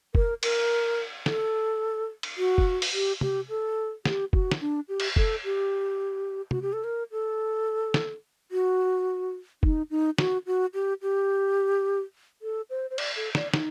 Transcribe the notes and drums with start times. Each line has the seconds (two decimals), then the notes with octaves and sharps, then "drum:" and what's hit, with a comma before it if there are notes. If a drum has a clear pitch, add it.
0.15 A#4, drum: kick F1
0.43 A#4, drum: cymbal
1.26 A4, drum: snare
2.23 drum: cymbal
2.38 F#4
2.58 drum: kick F1
2.82 drum: open hi-hat
2.93 G4
3.21 G4, drum: tom
3.49 A4
4.05 G4, drum: snare
4.33 F#4, drum: kick F1
4.52 drum: snare
4.61 D4
4.89 G4
5.00 drum: cymbal
5.16 A4, drum: kick F1
5.44 G4
6.51 F#4, drum: tom
6.62 G4
6.73 A4
6.84 A#4
7.12 A4
7.94 drum: snare
8.52 F#4
9.63 D#4, drum: kick F1
9.91 D#4
10.18 F#4, drum: snare
10.46 F#4
10.74 G4
11.02 G4
12.42 A4
12.70 C5
12.90 C5
12.98 D5, drum: cymbal
13.16 A4
13.35 D5, drum: snare
13.54 D#4, drum: snare